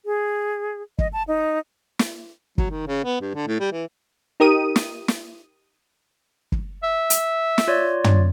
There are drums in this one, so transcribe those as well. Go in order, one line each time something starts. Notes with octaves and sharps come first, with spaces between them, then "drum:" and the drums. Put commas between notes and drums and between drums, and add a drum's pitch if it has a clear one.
G#4
D#5, drum: kick
A5
D#4
drum: snare
F#3, drum: kick
D#3
C#3
B3
G2
D3
A2
G3
E3
D#4 G4 A#4 D#6 D#7
drum: snare
drum: snare
drum: kick
E5
drum: hi-hat
drum: snare
F4 C#5 D5
drum: tom